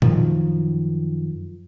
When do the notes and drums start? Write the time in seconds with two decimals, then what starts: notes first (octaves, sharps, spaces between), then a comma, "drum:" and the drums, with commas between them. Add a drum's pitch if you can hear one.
0.02 F#2 D#3 F3, drum: tom A#2